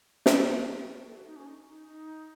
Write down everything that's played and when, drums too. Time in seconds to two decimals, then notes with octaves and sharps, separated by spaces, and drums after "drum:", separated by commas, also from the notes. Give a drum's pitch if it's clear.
0.26 F#4, drum: snare
1.06 A4
1.16 F#4
1.26 D#4
1.36 C#4
1.47 D#4
1.67 D#4
1.87 D#4